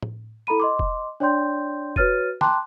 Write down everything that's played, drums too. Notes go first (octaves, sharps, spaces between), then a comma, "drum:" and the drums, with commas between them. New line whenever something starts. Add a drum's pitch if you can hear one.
drum: tom A2
E4 A4 A#5 B5 D#7
D#5 C6 D6
drum: kick F1
D4 C#5 D5 G5 C6 G6
F#4 B4 C#5 F6 A6 D#7, drum: kick F1
G5 A5 A#5 C6 D6 F#6, drum: snare